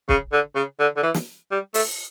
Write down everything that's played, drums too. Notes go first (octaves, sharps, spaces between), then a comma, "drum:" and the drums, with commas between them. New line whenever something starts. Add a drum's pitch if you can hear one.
C#3, drum: kick
D3
C#3
D3
D3
E3
drum: snare
G3
A3, drum: open hi-hat